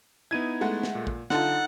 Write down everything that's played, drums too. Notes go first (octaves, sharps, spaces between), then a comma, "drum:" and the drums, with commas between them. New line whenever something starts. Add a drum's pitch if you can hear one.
B3 D#4 E4 G#6 D#7
G#3 A3 F#5
drum: snare
A#2
drum: kick A1
D3 D#4 F4 A4 F#5 A5, drum: snare